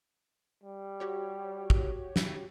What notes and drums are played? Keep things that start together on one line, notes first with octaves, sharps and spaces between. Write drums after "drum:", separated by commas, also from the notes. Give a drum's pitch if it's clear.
G3
F#4 G4 C#5
drum: kick
drum: snare